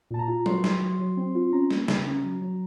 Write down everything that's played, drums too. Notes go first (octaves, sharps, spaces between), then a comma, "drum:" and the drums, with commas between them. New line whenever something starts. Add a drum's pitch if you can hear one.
A#2 A5
A#5
F4
F#3 C6, drum: tom F#3
F#3, drum: snare
F#3
F#3
C4
F4
C#4 A#5
A#3, drum: snare
C#3, drum: snare
C#4
F#3
F#3